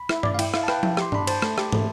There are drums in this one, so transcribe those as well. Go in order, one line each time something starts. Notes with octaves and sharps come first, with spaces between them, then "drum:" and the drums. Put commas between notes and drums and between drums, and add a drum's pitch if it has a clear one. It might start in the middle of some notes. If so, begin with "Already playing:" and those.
Already playing: B5
E4, drum: rim click
D5, drum: tom G2
F5
E4 G5, drum: cymbal
E4 F5, drum: rim click
A5
B4 G5, drum: rim click
E4, drum: tom F3
G4 C6, drum: rim click
D4 B5, drum: tom G2
C5 A5, drum: cymbal
A3, drum: rim click
G4, drum: rim click
A3, drum: tom